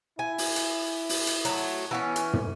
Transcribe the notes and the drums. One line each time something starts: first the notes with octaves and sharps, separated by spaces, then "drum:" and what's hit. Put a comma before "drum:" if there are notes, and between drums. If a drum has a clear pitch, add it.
E4 G#5
drum: open hi-hat
drum: hi-hat
drum: open hi-hat
drum: hi-hat
F#3 A3, drum: hi-hat
E3 B3 C#4
drum: hi-hat
drum: tom